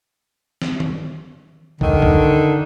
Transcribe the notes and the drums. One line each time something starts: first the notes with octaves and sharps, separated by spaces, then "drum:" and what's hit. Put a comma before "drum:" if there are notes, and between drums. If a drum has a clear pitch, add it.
drum: snare
drum: tom D#3
D3 D#3, drum: kick
drum: kick